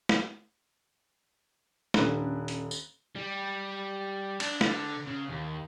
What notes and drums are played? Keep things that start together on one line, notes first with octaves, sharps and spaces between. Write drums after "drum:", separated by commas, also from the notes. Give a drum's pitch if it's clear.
drum: snare
D#1 D3 C#4 F#6, drum: snare
drum: hi-hat
drum: tambourine
G3
D4, drum: cymbal
D3, drum: snare
C#3
D#2